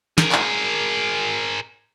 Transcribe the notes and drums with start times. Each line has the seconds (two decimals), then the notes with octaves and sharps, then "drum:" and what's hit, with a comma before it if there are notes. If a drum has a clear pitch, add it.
0.18 G#4 A#4, drum: snare
0.32 drum: clap